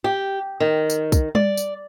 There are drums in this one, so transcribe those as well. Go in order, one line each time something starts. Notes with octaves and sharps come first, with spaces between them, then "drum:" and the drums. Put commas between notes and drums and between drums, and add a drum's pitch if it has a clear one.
G4
D#3
drum: tambourine
drum: kick, tambourine
D5, drum: tom G3
drum: tambourine